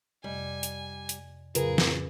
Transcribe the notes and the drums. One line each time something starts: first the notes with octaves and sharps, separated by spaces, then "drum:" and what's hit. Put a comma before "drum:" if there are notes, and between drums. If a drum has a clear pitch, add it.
F2 C3 G3 D#5 G#5
drum: hi-hat
drum: hi-hat
F2 A2 C#3 F#3 F4 G#4 A#4 B4, drum: hi-hat
drum: snare